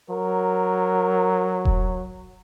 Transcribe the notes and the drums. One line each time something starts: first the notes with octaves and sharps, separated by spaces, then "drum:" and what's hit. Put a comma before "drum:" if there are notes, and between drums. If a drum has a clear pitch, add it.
F#3 A#4
drum: kick E1